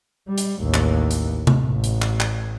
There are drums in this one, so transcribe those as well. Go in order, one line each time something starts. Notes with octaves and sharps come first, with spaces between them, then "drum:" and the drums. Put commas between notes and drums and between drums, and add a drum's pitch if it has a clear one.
G3
drum: hi-hat
A1 D#2
drum: clap
drum: hi-hat
drum: tom C3
A1
drum: hi-hat
drum: clap
drum: clap